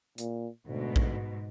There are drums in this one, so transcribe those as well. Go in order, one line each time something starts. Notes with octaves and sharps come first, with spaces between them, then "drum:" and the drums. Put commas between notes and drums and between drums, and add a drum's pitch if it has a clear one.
A#2, drum: hi-hat
D2 G#2 B2
drum: kick A#1